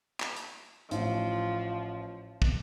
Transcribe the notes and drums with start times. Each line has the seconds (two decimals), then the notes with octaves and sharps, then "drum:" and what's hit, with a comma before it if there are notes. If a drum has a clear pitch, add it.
0.20 drum: clap
0.36 drum: hi-hat
0.91 A1 F3, drum: hi-hat
2.42 drum: kick